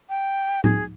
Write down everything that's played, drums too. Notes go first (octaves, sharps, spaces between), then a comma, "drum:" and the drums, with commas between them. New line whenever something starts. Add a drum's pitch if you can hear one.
G5
G#4, drum: tom A2